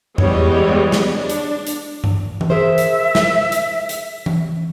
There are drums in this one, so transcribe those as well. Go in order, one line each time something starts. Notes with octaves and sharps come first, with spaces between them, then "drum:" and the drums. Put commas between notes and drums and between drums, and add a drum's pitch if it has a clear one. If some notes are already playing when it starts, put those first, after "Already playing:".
E3 G3 G#3 B3 C#5 D#5, drum: tom E2
drum: snare
D4
drum: hi-hat
drum: hi-hat
drum: tom G2
drum: tom E3
G#4 A#4 C5 E5
drum: hi-hat
drum: snare
drum: hi-hat
drum: hi-hat
drum: tom E3